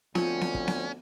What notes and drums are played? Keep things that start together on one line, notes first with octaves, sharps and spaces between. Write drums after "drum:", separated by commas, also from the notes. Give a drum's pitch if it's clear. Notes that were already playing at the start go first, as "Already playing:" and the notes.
D2 F3 C4 C#4 F4, drum: snare B3
drum: snare B3
drum: kick
drum: snare B3